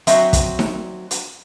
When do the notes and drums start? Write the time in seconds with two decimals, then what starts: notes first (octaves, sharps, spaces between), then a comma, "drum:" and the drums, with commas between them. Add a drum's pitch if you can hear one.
0.07 F#3 C4 F#4 D#5 E5, drum: hi-hat
0.33 drum: kick, hi-hat
0.59 drum: snare D#4
1.11 drum: hi-hat